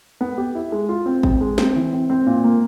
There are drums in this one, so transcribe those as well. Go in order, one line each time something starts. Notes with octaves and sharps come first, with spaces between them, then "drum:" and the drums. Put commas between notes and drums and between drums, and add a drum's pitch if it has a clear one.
B3
G4
E4
G#3
F4
C4
C4, drum: kick G#1
G#3
C4, drum: snare
E3
C4
C4
A#2
A#3